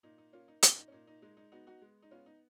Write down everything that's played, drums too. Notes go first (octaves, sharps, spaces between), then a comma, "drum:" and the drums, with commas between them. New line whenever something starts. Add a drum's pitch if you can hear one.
A#2 D#4
D#4
A#3 C#4 F4
D#4
A#2 C#4, drum: hi-hat
D#4
C#4
A#2 D#4
D#4
G#3 D#4
D#4
B3 D#4 F#4
D#4 F#4
G#3
D#4
B3 C#4 F4
D#4